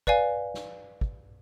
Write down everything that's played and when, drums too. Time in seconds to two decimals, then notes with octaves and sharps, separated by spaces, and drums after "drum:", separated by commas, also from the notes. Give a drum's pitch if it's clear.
0.07 B4 D5 F5 G#5, drum: kick
0.54 drum: snare
1.01 drum: kick